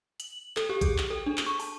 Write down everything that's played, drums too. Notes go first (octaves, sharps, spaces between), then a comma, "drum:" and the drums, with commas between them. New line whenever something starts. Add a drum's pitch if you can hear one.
F#7, drum: hi-hat
A4, drum: clap
G4
G#4, drum: kick A1, hi-hat
drum: clap
A4
D4
drum: clap
C#6
A5, drum: open hi-hat